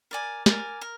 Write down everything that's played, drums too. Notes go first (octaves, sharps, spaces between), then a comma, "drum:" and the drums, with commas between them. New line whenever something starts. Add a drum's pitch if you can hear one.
A#4 D5 G#5
A#4 D5 G#5, drum: snare
A#4